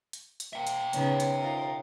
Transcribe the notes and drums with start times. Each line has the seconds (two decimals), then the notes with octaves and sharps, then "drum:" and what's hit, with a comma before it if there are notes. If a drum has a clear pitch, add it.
0.13 drum: hi-hat
0.40 drum: hi-hat
0.53 A#3 E5 G5
0.67 drum: hi-hat
0.93 C#3 B3 D#4 C#5, drum: hi-hat
1.20 drum: hi-hat
1.38 D#4 F4 A#4